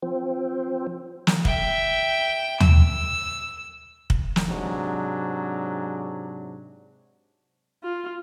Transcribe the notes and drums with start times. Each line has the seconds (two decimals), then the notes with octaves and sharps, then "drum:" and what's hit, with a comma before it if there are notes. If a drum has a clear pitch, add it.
0.02 F3 C4
1.27 drum: snare
1.45 E5 G5, drum: kick
2.60 E6, drum: tom
4.10 drum: kick
4.36 drum: snare
4.47 G#2 C3 F#3 D4
7.83 F4